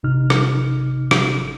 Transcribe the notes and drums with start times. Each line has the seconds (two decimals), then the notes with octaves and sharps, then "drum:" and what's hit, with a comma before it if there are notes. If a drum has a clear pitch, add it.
0.03 G#1 C3 D#4 F6
0.30 drum: rim click
1.11 drum: rim click